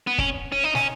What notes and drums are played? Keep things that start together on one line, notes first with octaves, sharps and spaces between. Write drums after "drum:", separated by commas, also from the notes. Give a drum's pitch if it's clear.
B3
C#4, drum: kick
C#4
D#4
C#4, drum: snare